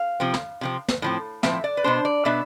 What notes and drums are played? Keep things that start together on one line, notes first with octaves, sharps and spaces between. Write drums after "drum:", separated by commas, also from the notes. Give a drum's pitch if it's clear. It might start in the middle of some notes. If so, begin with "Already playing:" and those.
Already playing: F5
C3 F3 C4
drum: snare
C3 F3 C4
drum: snare
A2 F3 C4
A2 F3 C4 E5, drum: snare
D5
B4
B2 B3 D4 C5
D5
B2 B3 D4 E5